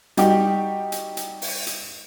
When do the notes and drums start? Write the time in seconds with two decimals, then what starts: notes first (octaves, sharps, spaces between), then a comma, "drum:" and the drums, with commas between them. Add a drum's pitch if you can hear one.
0.17 G3 D#4 F#4 G4, drum: hi-hat
0.92 drum: hi-hat
1.17 drum: hi-hat
1.42 drum: open hi-hat
1.67 drum: hi-hat